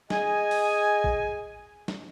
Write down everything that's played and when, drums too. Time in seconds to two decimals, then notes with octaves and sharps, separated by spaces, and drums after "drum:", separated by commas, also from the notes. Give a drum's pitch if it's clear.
0.10 G#4 D#5 G#5, drum: snare
0.51 drum: open hi-hat
1.04 drum: kick
1.88 drum: snare